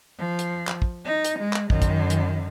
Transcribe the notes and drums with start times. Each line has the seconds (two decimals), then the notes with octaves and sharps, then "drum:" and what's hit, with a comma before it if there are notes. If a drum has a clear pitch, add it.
0.18 F3
0.39 drum: hi-hat
0.67 drum: clap
0.82 drum: kick
1.05 D#4
1.25 drum: hi-hat
1.39 G#3
1.53 drum: clap
1.70 F#2 D#3, drum: kick
1.82 drum: kick, hi-hat
2.10 drum: hi-hat